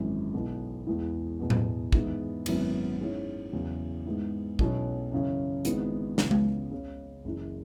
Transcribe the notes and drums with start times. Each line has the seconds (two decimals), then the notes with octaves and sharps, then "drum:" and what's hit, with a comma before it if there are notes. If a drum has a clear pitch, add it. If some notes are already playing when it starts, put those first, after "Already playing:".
Already playing: G#1 F#2 E3 G#3
0.34 B1 B2 B3 E4
0.86 E2 E3 G#3 B3 E4
1.39 E2 B2 B3
1.50 drum: tom A2
1.92 G#2 E3 G#3 B3 E4, drum: kick
2.46 G#1 F#2 F#3 B3 E4, drum: cymbal
2.99 G#2 G#3 C#4 E4
3.52 E2 C#3 F#3 B3
4.06 G#2 G#3 B3 E4
4.59 B1 B2 F#3 C#4 E4, drum: kick
5.12 F#2 C#3 E3 C#4
5.65 G#1 G#2 G#3 B3 E4, drum: hi-hat
6.18 C#2 C#3 E3 B3, drum: snare
6.31 drum: tom G#3
6.71 C#2 C#3 G#3 C#4
7.25 F#1 F#2 E3